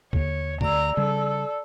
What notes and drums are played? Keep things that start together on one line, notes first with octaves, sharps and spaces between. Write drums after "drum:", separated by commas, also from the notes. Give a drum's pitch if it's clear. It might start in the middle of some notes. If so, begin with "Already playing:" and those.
D#2 D3 C#5, drum: kick
D2 D5 A#5 E6, drum: kick
C#3 G3 A4